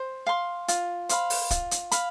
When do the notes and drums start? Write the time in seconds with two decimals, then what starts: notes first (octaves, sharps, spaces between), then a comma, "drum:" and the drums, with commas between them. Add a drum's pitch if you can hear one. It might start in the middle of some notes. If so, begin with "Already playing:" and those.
Already playing: C5
0.26 F5 C6
0.68 F4, drum: hi-hat
1.09 C5 F5 B5, drum: hi-hat
1.30 drum: open hi-hat
1.50 F4, drum: kick, hi-hat
1.71 drum: hi-hat
1.91 F5 B5, drum: hi-hat